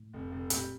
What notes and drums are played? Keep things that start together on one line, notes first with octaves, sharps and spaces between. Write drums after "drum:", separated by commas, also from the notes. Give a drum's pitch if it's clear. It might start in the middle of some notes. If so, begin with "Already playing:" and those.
Already playing: A2
F1
F1
A#2 G3, drum: hi-hat